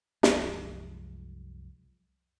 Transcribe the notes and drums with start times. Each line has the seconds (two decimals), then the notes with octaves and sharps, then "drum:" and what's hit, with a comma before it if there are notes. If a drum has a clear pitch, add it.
0.23 C2 F#2 F3 G#3, drum: snare